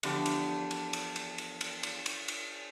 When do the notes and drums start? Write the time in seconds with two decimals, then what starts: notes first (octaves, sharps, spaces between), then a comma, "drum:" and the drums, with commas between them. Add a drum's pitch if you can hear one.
0.03 E2 D3 F3 B3 D4 G4, drum: cymbal
0.26 drum: cymbal
0.71 drum: cymbal
0.93 drum: cymbal
1.16 drum: cymbal
1.38 drum: cymbal
1.61 drum: cymbal
1.83 drum: cymbal
2.06 drum: cymbal
2.28 drum: cymbal